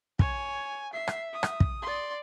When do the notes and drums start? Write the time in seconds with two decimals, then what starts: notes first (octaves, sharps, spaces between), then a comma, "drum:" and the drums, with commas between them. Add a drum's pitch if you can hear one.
0.19 C#5 G#5, drum: kick
0.93 E5 C7
1.07 drum: rim click
1.33 D#6
1.43 drum: rim click
1.60 drum: kick
1.82 D5 C6